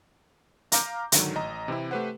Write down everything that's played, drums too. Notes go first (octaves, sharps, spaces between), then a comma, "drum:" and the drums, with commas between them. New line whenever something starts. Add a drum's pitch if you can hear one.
F5 A#5 D6 F6 G6, drum: hi-hat
G#2 D3 D#3 F#3, drum: hi-hat
A1 D#5 A#5
C3 E3 C4 E4
A3 G4 B4 C5 F#5